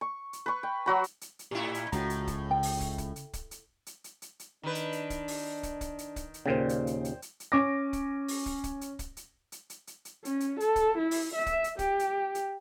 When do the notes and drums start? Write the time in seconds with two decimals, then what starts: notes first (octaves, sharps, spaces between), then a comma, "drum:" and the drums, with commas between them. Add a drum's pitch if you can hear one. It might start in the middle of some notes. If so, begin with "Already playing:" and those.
0.01 C#6
0.33 drum: hi-hat
0.46 B4 C#6
0.63 G5
0.86 F#3 F#4 B5
1.04 drum: hi-hat
1.21 drum: hi-hat
1.39 drum: hi-hat
1.51 A2 E4 G4
1.74 drum: hi-hat
1.92 C#2 A2 F#4 A#5, drum: hi-hat
2.10 drum: hi-hat
2.27 drum: kick, hi-hat
2.51 C#3 G5
2.63 drum: open hi-hat
2.80 drum: kick, hi-hat
2.98 drum: kick, hi-hat
3.16 drum: hi-hat
3.33 drum: kick, hi-hat
3.51 drum: hi-hat
3.86 drum: hi-hat
4.04 drum: hi-hat
4.22 drum: hi-hat
4.39 drum: hi-hat
4.63 D#3 D4 B4
4.75 drum: hi-hat
4.93 drum: hi-hat
5.10 drum: kick, hi-hat
5.28 drum: open hi-hat
5.63 drum: kick, hi-hat
5.81 drum: kick, hi-hat
5.99 drum: hi-hat
6.16 drum: kick, hi-hat
6.34 drum: hi-hat
6.46 D#2 A#2 C#3 C5 D5 G5
6.69 drum: hi-hat
6.87 drum: hi-hat
7.05 drum: hi-hat
7.22 drum: hi-hat
7.40 drum: hi-hat
7.52 C#4 D6 A#6
7.93 drum: kick, hi-hat
8.28 drum: open hi-hat
8.46 drum: kick, hi-hat
8.64 drum: kick, hi-hat
8.81 drum: hi-hat
8.99 drum: kick, hi-hat
9.17 drum: hi-hat
9.52 drum: hi-hat
9.70 drum: hi-hat
9.87 drum: hi-hat
10.05 drum: hi-hat
10.25 C#4, drum: hi-hat
10.40 drum: hi-hat
10.60 A4, drum: hi-hat
10.76 drum: kick, hi-hat
10.98 E4
11.11 drum: open hi-hat
11.35 E5
11.46 drum: kick, hi-hat
11.64 drum: hi-hat
11.79 G4, drum: kick, hi-hat
11.99 drum: hi-hat
12.35 drum: hi-hat